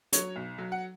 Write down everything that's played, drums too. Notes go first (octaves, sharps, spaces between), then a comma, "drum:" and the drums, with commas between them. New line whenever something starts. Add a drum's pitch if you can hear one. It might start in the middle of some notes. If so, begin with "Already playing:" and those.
F#3 C#5, drum: hi-hat
B1
F#3
F#5